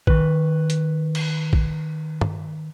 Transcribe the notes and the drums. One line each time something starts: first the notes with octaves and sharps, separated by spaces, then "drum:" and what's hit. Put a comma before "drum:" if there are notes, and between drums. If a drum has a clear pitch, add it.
D#3 B4, drum: kick A#1
drum: hi-hat
drum: cymbal
drum: kick A#1
drum: tom G2